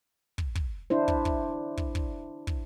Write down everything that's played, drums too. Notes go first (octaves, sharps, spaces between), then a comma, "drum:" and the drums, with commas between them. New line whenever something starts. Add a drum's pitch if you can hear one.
drum: kick
drum: kick
D4 E4 C5
drum: kick
drum: kick
drum: kick
drum: kick
drum: kick